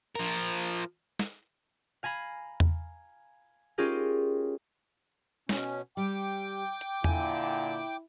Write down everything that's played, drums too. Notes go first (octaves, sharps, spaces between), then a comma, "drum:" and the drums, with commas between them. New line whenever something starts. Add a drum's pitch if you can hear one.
F3 A#4, drum: hi-hat
drum: snare
F5 G#5 A#5 B5
drum: tom E2
C#4 D#4 F4 G4 G#4 A#4
B2 C#4, drum: snare
G3 G5 D6
drum: hi-hat
A#2 D3 E4 G#5, drum: tom E2